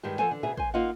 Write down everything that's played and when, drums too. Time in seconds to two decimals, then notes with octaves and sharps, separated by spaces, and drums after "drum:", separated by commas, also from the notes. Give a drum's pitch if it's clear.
0.03 G2 D#3 G#3 G4
0.19 F3 A4 C5 F#5 G#5, drum: tom E3
0.31 D3
0.43 D2 B2 D4 G#4 E5
0.57 C5 G#5, drum: kick
0.74 A#3 D#4 F4 D#5 F#5